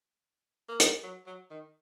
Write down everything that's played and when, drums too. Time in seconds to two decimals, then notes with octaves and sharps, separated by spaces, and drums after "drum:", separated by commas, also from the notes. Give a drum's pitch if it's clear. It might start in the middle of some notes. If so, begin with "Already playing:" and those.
0.68 A#3
0.80 G#3, drum: hi-hat
1.03 F#3
1.26 F#3
1.50 D#3